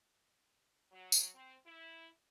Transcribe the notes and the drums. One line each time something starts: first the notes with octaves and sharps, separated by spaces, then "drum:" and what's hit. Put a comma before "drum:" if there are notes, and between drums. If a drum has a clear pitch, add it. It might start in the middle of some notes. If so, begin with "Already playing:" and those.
F#3
drum: tambourine
C4
E4